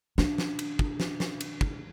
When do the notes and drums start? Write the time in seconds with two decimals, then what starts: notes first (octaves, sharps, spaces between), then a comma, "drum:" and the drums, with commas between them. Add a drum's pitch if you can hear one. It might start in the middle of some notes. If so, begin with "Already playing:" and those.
0.18 D4, drum: snare
0.38 drum: snare
0.59 drum: cymbal
0.79 drum: kick
1.00 drum: snare
1.20 drum: snare
1.41 drum: cymbal
1.61 drum: kick